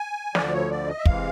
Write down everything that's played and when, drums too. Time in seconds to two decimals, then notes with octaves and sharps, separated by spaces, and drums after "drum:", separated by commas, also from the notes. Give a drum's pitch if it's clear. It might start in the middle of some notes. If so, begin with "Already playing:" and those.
Already playing: G#5
0.35 D2 D3 F3 D5, drum: snare
0.52 C#5
0.70 D5
0.88 D#5
0.98 E5
1.05 C3 E3 G#3 F5, drum: kick